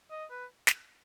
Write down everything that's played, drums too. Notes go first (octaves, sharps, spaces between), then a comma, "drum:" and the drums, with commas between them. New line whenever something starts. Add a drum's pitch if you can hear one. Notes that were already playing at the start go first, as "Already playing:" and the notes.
D#5
B4
drum: snare